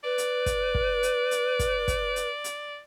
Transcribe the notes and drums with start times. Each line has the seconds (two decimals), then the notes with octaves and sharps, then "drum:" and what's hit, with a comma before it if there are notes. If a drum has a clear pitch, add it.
0.04 B4 D5
0.18 drum: hi-hat
0.46 drum: kick, hi-hat
0.75 drum: kick
1.03 drum: hi-hat
1.31 drum: hi-hat
1.59 drum: kick, hi-hat
1.88 drum: kick, hi-hat
2.16 drum: hi-hat
2.44 drum: hi-hat